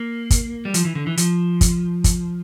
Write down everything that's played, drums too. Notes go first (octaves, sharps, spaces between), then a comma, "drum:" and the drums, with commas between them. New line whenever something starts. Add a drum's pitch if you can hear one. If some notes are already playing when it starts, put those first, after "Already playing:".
Already playing: A#3
drum: kick, hi-hat
G3
F3, drum: hi-hat
E3
D3
E3
F3, drum: hi-hat
drum: kick, hi-hat
drum: kick, hi-hat